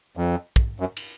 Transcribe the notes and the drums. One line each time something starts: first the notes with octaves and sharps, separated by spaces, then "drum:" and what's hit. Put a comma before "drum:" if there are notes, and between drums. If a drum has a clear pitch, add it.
F2
drum: kick
F#2
drum: cymbal